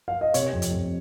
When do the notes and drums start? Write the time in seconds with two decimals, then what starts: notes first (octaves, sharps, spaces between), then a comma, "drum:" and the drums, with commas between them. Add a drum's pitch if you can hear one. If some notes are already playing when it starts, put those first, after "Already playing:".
0.08 F5
0.21 D#5
0.34 C3 C#5, drum: hi-hat
0.53 F2
0.62 drum: hi-hat
0.71 F2